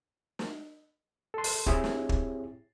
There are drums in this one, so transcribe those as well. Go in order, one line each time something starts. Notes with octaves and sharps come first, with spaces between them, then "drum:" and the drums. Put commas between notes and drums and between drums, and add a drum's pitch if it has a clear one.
drum: snare
A4 C6
drum: open hi-hat
C4 E4 G4 G#4 C#5 E5, drum: kick
drum: snare
drum: kick